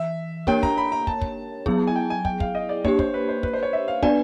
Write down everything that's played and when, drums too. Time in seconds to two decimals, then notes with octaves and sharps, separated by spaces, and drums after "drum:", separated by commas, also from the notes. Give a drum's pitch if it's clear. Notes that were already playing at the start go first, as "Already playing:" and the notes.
Already playing: E3 E5
0.47 A#3 D4 G4 A#4 C#5 G5, drum: kick
0.63 A#5, drum: kick
0.77 B5
0.92 A#5
1.07 A5, drum: kick
1.22 drum: kick
1.66 F#3 B3 E4 G#4, drum: kick
1.87 G#5
1.96 G5
2.10 G#5
2.25 G5, drum: kick
2.40 F5, drum: kick
2.55 D#5
2.69 D5
2.85 A#3 D4 G4 C#5, drum: kick
2.99 C5, drum: kick
3.14 B4
3.29 C5
3.43 B4, drum: kick
3.53 C5
3.63 C#5
3.73 E5
3.88 F5
4.03 B3 D4 F#4 B4 D5 G#5, drum: kick